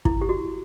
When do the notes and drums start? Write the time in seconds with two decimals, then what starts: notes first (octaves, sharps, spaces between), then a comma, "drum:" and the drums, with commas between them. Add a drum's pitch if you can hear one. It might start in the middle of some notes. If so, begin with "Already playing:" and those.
0.05 E4, drum: kick
0.21 G4
0.29 F#4